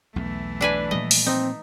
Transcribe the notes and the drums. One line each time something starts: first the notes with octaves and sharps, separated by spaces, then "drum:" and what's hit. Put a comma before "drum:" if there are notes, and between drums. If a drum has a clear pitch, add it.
B1 E2 E3 A3
D4 B4 G#5
A#2 F3 G3 D#5
drum: open hi-hat
C4 D#4